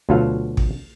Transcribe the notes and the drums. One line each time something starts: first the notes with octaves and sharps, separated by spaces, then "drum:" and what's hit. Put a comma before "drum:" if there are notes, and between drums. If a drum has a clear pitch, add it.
D2 B2 F#3 F4 A4 F5
drum: kick